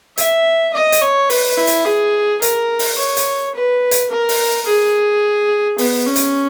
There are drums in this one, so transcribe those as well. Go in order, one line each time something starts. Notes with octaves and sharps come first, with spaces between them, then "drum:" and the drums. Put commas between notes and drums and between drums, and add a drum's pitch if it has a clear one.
E5, drum: hi-hat
D#5
drum: hi-hat
C#5
B4, drum: open hi-hat
E4
drum: hi-hat
G#4
A#4, drum: hi-hat
drum: open hi-hat
C#5
drum: hi-hat
B4
drum: hi-hat
A#4
drum: open hi-hat
G#4
B3, drum: open hi-hat
C#4
drum: hi-hat